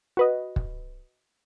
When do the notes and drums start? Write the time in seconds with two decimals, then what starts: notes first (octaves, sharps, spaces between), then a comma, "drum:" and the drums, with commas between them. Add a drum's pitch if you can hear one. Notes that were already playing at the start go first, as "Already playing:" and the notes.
0.17 F#4 B4 D#5
0.56 drum: kick